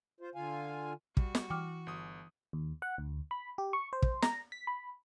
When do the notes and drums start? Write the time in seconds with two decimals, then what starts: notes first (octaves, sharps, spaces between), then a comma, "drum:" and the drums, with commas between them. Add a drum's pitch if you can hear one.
0.20 F4 C5
0.35 D3 F4 F5 G#5
1.17 G3 F#4, drum: kick
1.35 drum: snare
1.50 E3 G5 D6 F6
1.87 G1 D#6
2.53 D#2
2.82 F#5
2.98 D2
3.31 B5
3.58 G4
3.73 C#6
3.93 C5
4.02 drum: kick
4.22 A#5, drum: snare
4.52 B6
4.67 B5